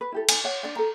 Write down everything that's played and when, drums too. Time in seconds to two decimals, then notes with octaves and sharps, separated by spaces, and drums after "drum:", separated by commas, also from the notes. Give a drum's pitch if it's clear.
0.01 B4
0.12 E4 G4 A4
0.29 D#4 G#5, drum: cymbal
0.44 C#5 F#5
0.63 D4 D5 F#5
0.76 A4 A#5